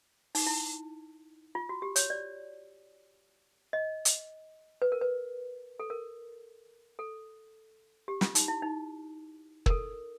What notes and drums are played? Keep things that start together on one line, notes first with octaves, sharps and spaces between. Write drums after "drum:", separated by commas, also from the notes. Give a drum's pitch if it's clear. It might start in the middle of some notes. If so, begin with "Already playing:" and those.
D#4, drum: open hi-hat
E4
F4
F#4
G4
C#5, drum: hi-hat
D5
D#5
drum: hi-hat
B4
A#4
B4
A4
A#4
A4
G4
F4, drum: snare
D#4, drum: hi-hat
E4
D#4
A#4, drum: kick
A4